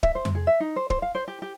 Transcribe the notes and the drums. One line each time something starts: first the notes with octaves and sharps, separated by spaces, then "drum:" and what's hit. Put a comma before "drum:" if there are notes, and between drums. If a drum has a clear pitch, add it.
E5, drum: kick
C5
drum: tom F2
G#4
E5
D#4
C5
C5, drum: kick
F5
C5
G4
G4